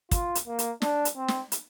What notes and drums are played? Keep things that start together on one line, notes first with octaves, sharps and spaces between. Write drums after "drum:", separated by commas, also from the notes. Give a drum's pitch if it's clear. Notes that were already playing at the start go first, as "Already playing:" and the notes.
F4, drum: kick, hi-hat
drum: hi-hat
A#3
drum: hi-hat
D4, drum: snare
drum: hi-hat
C4
drum: snare
drum: hi-hat